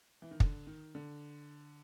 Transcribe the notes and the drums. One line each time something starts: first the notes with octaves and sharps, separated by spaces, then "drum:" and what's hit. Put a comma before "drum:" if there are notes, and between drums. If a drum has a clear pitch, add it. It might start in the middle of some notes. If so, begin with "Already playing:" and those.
E3
D#3
D3, drum: kick
D#3
D3